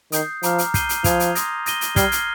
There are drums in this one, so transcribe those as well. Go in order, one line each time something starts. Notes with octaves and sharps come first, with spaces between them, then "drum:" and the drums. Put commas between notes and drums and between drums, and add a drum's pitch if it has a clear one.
D#3 D#6 G6 C7, drum: hi-hat
F3 A#5 D6 F6 C7, drum: hi-hat
drum: hi-hat
G6 C7 D#7 G7, drum: kick, hi-hat
drum: hi-hat
F3 D#6 G#6 C7 F7, drum: kick, hi-hat
drum: hi-hat
C6 D#6 A#6, drum: hi-hat
D#6 A#6 D#7 G7, drum: hi-hat
drum: hi-hat
G3 F6 G#6 C7 G7, drum: kick, hi-hat
drum: hi-hat